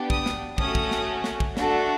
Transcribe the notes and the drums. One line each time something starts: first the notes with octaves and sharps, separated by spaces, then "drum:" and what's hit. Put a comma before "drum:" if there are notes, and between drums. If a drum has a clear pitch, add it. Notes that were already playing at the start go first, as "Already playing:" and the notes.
Already playing: B3 D4 G4
D#6, drum: kick
drum: snare
A3 C#4 F#4 D#6, drum: kick
drum: kick
drum: snare
drum: snare
drum: kick
A3 D4 F#4 A4, drum: snare